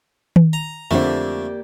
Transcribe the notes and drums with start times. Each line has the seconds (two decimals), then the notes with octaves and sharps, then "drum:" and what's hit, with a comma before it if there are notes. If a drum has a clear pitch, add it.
0.36 drum: tom D#3
0.53 A#5
0.91 F2 D3 A3 A#3 G4 C5 D5